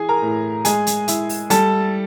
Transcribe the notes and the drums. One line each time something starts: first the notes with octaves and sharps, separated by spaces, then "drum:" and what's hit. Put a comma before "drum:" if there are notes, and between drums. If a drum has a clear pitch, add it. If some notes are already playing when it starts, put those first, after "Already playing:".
Already playing: E3 G#4 G#5
A#4 A#5
A2
G#3 G#4 G#5, drum: hi-hat
drum: hi-hat
E4, drum: hi-hat
drum: open hi-hat
G3 A4 A5, drum: hi-hat